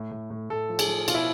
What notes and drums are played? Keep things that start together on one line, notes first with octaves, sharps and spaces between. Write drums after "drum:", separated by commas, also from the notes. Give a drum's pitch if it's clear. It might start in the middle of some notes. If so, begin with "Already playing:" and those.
Already playing: A2
A2
A2
A2 A4
F3
G#4, drum: cymbal
F3
B2 F4, drum: cymbal
E4